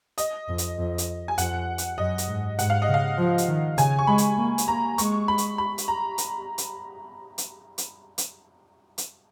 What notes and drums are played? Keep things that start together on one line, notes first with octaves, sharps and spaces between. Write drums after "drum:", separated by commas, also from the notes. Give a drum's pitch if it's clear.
D#5, drum: hi-hat
F2
drum: hi-hat
F2
drum: hi-hat
G#5
F2 F#5, drum: hi-hat
drum: hi-hat
F#2 D#5
drum: hi-hat
G#2
G#2 F#5, drum: hi-hat
F5
D#5
C#3
F5
F3
drum: hi-hat
D#3
C#3 G#5, drum: hi-hat
C#6
G#3 B5
drum: hi-hat
A#3
drum: hi-hat
A#3 A#5
G#3 C#6, drum: hi-hat
B5
drum: hi-hat
B5
drum: hi-hat
A#5
drum: hi-hat
drum: hi-hat
drum: hi-hat
drum: hi-hat
drum: hi-hat
drum: hi-hat